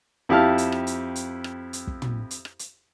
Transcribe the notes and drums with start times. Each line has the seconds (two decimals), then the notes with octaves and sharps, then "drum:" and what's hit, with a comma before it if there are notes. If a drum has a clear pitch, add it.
0.29 F2 E4 G4 F5 A5 F6
0.58 drum: hi-hat
0.72 drum: rim click
0.87 drum: hi-hat
1.16 drum: hi-hat
1.44 drum: rim click
1.73 drum: hi-hat
1.87 drum: kick
2.02 drum: tom
2.31 drum: hi-hat
2.45 drum: rim click
2.59 drum: hi-hat